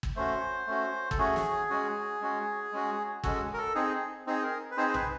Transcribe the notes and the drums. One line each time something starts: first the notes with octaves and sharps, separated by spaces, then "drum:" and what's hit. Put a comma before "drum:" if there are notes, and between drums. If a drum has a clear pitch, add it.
drum: kick G1
A3 C#4 F#4 C5
A3 C#4 F#4
A4, drum: kick G1
A3 C#4 F#4 G#4
drum: snare
G#3 C#4 F#4
G#3 C#4 F#4
G#3 C#4 F#4
G#3 C#4 F#4 A4, drum: kick G1
A#4
A4
C4 D#4 G#4
C4 D#4 G#4
A#4
B4
C4 D#4 G#4 C5
C5
B4, drum: tom B1